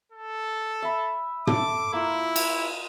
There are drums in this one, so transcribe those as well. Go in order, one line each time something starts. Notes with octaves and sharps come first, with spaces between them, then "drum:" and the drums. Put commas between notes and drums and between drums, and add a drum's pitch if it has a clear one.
A4
E5 B5
A4 E5 D6, drum: tom
A#3 E4 F4
drum: cymbal